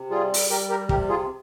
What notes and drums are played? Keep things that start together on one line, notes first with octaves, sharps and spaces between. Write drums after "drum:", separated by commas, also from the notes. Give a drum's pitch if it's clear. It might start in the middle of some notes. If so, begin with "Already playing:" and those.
Already playing: C3
G3 F4 G#4
drum: open hi-hat
G3 G4 A#4
G4 A#4
C3 G4 A#4, drum: kick
F4 G#4